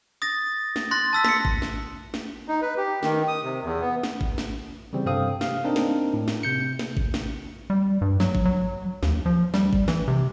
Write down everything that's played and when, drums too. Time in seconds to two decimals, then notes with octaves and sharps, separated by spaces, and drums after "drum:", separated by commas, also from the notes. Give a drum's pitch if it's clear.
0.22 D#6 A6 A#6
0.76 drum: snare
0.91 C6 F#6 A6 A#6
1.13 A5 E6 B6
1.25 B6 C#7, drum: snare
1.45 drum: kick G#1
1.62 drum: snare
2.14 drum: snare
2.48 D#4
2.62 B4
2.77 G4
3.03 D#3, drum: snare
3.28 D#6
3.43 C3
3.63 E2
3.81 B3
4.03 drum: snare
4.21 drum: kick G#1
4.38 drum: snare
4.93 C#3 E3 G3 C4
5.06 G2 C3 C4 A4 F5 D#6
5.41 G4 F5, drum: snare
5.64 C4 D4 D#4 A#4
5.76 drum: snare
6.14 A2
6.28 drum: snare
6.43 C3 G6 C#7
6.79 drum: snare
6.97 drum: kick G#1
7.14 drum: snare
7.70 G3
8.01 G2
8.20 F#3, drum: snare
8.35 drum: kick G#1
8.45 F#3
9.03 D#2, drum: snare
9.26 F3
9.54 G3, drum: snare
9.73 drum: kick G#1
9.88 E3, drum: snare
10.08 C3